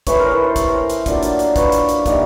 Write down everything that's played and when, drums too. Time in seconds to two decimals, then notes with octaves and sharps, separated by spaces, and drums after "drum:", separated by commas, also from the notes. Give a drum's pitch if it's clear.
0.07 A2 E3 A3 B4 C#5, drum: kick, hi-hat
0.19 A#4 C5
0.31 A4 B4
0.44 C5
0.56 C#5, drum: kick, hi-hat
0.68 A#4 C5
0.90 drum: hi-hat
1.06 F#3 A#3 D4 F4, drum: kick, hi-hat
1.23 drum: hi-hat
1.39 drum: hi-hat
1.56 B4 C#5, drum: kick, hi-hat
1.72 drum: hi-hat
1.89 drum: hi-hat
2.06 C3 D#3 G3 A#3, drum: kick, hi-hat